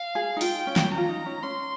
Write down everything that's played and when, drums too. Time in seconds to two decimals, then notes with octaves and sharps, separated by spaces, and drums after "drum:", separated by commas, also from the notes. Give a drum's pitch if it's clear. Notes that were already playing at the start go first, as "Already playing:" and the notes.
Already playing: F5
0.15 G#4
0.37 D#4
0.41 F4 G5, drum: open hi-hat
0.67 C#4
0.76 drum: snare
0.92 A#5
0.98 F4
1.09 D#4
1.26 C#4
1.42 C#4 C6